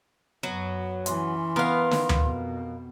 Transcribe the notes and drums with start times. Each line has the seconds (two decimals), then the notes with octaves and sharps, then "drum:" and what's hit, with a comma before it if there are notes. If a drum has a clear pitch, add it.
0.43 F#2 F#3 B3
1.06 E3 C#4 C6, drum: hi-hat
1.56 B3 A#4 F5
1.91 drum: snare
2.09 drum: tom D2
2.23 F2 B2